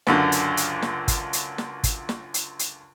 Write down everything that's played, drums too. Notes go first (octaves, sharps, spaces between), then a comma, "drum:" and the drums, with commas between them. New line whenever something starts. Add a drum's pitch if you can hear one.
C#2 F#2 D3, drum: snare
drum: hi-hat
drum: hi-hat
drum: snare
drum: kick, hi-hat
drum: hi-hat
drum: snare
drum: kick, hi-hat
drum: snare
drum: hi-hat
drum: hi-hat